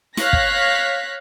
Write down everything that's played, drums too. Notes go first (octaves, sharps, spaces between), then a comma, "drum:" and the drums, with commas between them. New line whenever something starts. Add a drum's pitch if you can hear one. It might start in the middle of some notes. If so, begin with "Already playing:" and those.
C#5 F5 F#6 A#6 B6, drum: snare
drum: kick